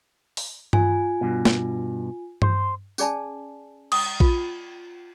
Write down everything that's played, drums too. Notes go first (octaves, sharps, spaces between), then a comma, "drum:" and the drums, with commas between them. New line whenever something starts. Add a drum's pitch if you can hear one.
drum: open hi-hat
F4 G#5, drum: tom G2
G2 B2
drum: snare
C5, drum: tom G2
C#4 G#4 D5 G#5 A5, drum: tambourine
D#6, drum: cymbal
F4, drum: kick A#1